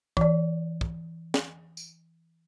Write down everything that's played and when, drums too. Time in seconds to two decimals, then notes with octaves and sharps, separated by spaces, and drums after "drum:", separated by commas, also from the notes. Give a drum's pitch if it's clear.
0.17 E3 D5, drum: kick
0.81 drum: kick
1.34 drum: snare
1.77 drum: tambourine